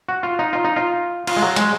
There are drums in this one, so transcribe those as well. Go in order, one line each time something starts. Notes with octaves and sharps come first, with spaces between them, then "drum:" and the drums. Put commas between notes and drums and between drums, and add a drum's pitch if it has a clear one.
F#4
F4
D#4
F4
D#4
F4
F4, drum: cymbal
G#3
F#3
G#3, drum: hi-hat